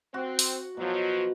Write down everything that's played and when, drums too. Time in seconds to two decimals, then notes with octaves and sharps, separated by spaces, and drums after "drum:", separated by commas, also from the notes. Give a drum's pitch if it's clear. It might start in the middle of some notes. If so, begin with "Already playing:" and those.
0.14 C4 F#4
0.39 drum: open hi-hat
0.77 B2 F3 F#3